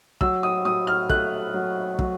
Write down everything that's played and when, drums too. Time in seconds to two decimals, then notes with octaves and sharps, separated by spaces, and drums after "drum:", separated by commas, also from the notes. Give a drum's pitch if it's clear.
0.21 F#3 E6, drum: kick
0.43 D#6
0.65 F#3 D#6
0.87 F6
1.09 A3 F#6, drum: kick
1.54 F#3
1.99 F#3, drum: kick